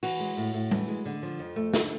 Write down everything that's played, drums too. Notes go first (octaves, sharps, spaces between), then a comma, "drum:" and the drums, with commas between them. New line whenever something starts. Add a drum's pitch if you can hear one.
E3 F#4, drum: open hi-hat
G#3
A2
A2
E3, drum: tom G3
G#3
D3
F3
F2
A3
D3, drum: snare